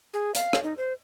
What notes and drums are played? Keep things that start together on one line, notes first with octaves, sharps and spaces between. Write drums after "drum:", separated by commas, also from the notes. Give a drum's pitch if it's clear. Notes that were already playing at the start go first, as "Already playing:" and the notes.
G#4
F5, drum: hi-hat
drum: rim click
D#4
C5